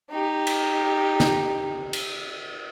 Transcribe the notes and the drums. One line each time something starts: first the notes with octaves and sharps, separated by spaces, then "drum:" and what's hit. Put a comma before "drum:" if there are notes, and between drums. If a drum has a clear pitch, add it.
D#4 G4
drum: cymbal
drum: snare
drum: cymbal